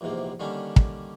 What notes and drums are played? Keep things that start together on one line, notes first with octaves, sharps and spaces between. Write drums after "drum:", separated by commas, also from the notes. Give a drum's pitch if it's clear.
A#1 E2 G#2 C3 A#3
D3 D#3 G3 A#3 C#4 D4
drum: kick